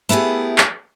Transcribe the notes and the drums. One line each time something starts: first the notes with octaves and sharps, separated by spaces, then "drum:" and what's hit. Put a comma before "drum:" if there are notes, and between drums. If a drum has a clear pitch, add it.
A3 B3 E4 G4 G#4
drum: clap